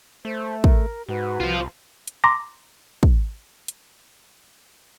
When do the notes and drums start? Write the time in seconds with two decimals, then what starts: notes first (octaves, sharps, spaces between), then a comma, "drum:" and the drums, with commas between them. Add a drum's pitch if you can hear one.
0.25 A3 C5
0.64 A#4, drum: kick
1.09 G#2 F#4 B4
1.40 C2 F4 C5
2.07 drum: hi-hat
2.24 A#5 C6 D6 A#6
3.03 drum: kick
3.68 drum: hi-hat